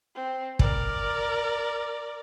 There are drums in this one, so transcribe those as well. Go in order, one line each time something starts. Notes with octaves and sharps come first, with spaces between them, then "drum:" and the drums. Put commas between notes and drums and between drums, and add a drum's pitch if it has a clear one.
C4
A#4 D5, drum: kick